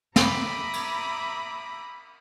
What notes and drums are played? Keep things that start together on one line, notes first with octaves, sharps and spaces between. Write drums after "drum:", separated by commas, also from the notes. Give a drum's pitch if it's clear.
E5 A#5 B5 D6 D#6, drum: snare
drum: cymbal